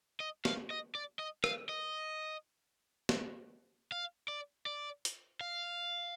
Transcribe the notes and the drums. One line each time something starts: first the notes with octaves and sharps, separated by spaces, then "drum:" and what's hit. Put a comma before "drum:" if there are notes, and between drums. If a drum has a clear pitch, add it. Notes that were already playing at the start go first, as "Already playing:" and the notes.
D#5
F5, drum: snare
D#5
D5
D#5
F5, drum: rim click
D#5
drum: snare
F5
D5
D5
drum: hi-hat
F5